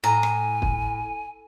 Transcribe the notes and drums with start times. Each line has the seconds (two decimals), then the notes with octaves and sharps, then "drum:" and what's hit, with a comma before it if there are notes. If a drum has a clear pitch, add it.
0.04 A2 G#5 A#5
0.23 drum: rim click
0.62 drum: kick